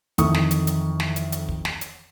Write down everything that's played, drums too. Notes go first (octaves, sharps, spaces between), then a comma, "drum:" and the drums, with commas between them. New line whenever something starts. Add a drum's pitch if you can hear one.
F2 D#3 E3 A4 C#6 D#6, drum: kick, hi-hat
drum: snare
drum: hi-hat
drum: hi-hat
drum: snare
drum: hi-hat
drum: hi-hat
drum: kick
drum: snare
drum: hi-hat